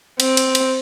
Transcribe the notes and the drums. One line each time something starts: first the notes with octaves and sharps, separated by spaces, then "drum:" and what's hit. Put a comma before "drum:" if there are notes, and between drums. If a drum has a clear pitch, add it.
C4, drum: cymbal
drum: cymbal
drum: cymbal